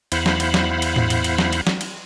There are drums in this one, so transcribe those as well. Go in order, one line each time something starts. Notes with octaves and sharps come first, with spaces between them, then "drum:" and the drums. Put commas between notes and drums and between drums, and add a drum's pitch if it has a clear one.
E2 E4 C5 F5 F#5 B5, drum: cymbal
drum: snare
drum: cymbal
drum: snare
drum: cymbal
drum: tom A2
drum: cymbal
drum: cymbal
drum: snare
drum: cymbal
drum: snare
drum: cymbal